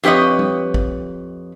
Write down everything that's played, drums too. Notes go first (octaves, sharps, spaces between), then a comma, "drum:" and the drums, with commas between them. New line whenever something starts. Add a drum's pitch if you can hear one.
F2 G4 B4 C#5 D#5
drum: tom G3
drum: kick